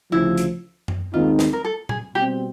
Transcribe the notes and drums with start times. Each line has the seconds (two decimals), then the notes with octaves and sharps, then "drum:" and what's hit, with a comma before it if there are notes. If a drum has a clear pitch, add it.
0.12 D2 C#3 F3 E4
0.38 drum: hi-hat
0.88 drum: tom F#2
1.13 D#2 D#3 G#3 C4 D#4 F4
1.39 drum: snare
1.53 A#4
1.65 A4
1.89 G#4, drum: tom A#2
2.15 B2 G3 C4 G4